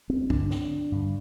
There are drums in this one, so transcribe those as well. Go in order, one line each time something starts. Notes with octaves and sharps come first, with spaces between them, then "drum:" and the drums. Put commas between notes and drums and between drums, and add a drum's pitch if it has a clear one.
C4
G2 D3 D4, drum: kick
drum: snare C4
G2 D3